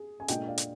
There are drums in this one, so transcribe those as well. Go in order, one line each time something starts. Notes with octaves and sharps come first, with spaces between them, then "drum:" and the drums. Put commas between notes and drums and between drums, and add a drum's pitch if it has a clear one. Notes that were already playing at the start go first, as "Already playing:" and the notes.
Already playing: G#4
G#5
A#2 G#3 D4 D#5 G5, drum: hi-hat
D5 F5
drum: hi-hat